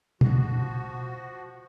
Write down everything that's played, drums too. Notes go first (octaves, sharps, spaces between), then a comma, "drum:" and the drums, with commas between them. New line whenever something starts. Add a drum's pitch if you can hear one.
F3 F#4, drum: tom